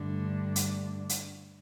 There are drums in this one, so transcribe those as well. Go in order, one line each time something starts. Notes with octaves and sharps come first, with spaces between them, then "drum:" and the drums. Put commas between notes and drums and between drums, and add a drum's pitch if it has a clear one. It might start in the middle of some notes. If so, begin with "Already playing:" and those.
Already playing: G2 D3 A3 D4
drum: hi-hat
drum: hi-hat